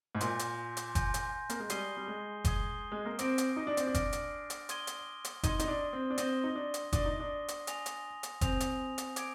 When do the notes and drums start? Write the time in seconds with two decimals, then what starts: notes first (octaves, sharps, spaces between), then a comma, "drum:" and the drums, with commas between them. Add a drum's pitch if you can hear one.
0.15 G#2
0.21 A#2 G#5 C6 G6 A#6, drum: hi-hat
0.39 drum: hi-hat
0.77 drum: hi-hat
0.95 G#5 C6 G6 A#6, drum: kick F#1, hi-hat
1.14 drum: hi-hat
1.50 A#3, drum: hi-hat
1.60 G#3
1.70 G3 D#6 G#6 C7 D#7 G7, drum: hi-hat
1.97 G3
2.08 G#3
2.45 D#6 G#6 C7 D#7 G7, drum: kick F#1, hi-hat
2.92 G#3
3.05 A#3
3.19 C4 D6 F6 A#6 D7, drum: hi-hat
3.38 drum: hi-hat
3.57 D#4
3.67 D4
3.77 C4, drum: hi-hat
3.87 D4
3.94 D6 F6 A#6 D7, drum: kick F#1, hi-hat
4.13 drum: hi-hat
4.50 drum: hi-hat
4.69 C6 D#6 G#6 D#7 G7, drum: hi-hat
4.87 drum: hi-hat
5.25 drum: hi-hat
5.43 D#4 C6 D#6 G#6 D#7 G7, drum: kick F#1, hi-hat
5.59 D#4, drum: hi-hat
5.68 D4
5.93 C4
6.10 D4
6.18 C4 D#6 A#6 D#7 G7, drum: hi-hat
6.44 D#4
6.55 D4
6.74 drum: hi-hat
6.93 D4 D#6 A#6 D#7 G7, drum: kick F#1, hi-hat
7.05 D#4
7.20 D4
7.48 drum: hi-hat
7.67 G#5 D#6 A#6 F7, drum: hi-hat
7.86 drum: hi-hat
8.23 drum: hi-hat
8.41 C4 G#5 D#6 A#6 F7, drum: kick F#1, hi-hat
8.60 drum: hi-hat
8.98 drum: hi-hat
9.16 D6 G#6 D7, drum: hi-hat